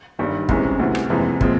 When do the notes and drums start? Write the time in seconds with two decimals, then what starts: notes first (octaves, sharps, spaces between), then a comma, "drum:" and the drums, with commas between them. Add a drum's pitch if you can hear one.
0.19 G1 G2 D#3 G3
0.49 C2 C3 E3 G#3 C#4, drum: kick
0.79 D2 C3 E3
0.95 drum: rim click
1.10 F#1 F2 C3 E3 G#3
1.41 A#2 F3 G#3 C4, drum: kick